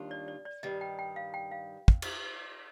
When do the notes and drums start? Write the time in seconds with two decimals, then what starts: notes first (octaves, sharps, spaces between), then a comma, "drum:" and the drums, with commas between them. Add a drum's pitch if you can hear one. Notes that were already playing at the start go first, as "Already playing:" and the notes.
Already playing: D#2 D#3 G3 D4 F4
0.11 D5
0.28 D5
0.45 D5
0.63 G2 D#3 G3 D#5
0.81 G5
0.99 G5
1.16 F5
1.34 G5
1.51 F5
1.88 drum: kick
2.02 drum: cymbal